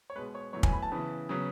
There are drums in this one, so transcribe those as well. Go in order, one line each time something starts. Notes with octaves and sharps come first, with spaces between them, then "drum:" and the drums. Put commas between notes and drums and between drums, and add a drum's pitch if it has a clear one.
C#5
B2 G#3 B3 B4
C#5
A2 F#3 B3 C#5
G#5, drum: kick
B5
A5
C#3 E3 B3
C#3 F#3 B3